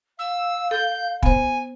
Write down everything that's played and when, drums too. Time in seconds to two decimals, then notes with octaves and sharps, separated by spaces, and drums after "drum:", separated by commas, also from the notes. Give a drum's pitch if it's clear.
0.19 F5 E6
0.71 A4 G6
1.23 B3 C5 G#5, drum: kick